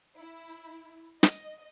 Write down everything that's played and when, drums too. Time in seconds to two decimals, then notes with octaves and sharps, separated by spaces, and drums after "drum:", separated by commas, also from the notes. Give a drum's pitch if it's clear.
0.17 E4
1.23 D#5, drum: snare